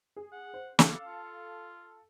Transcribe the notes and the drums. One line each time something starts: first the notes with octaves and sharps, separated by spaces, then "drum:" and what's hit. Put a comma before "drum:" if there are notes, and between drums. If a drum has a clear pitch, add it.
G#4
F#5
C5
D4 A4 F5, drum: snare
F4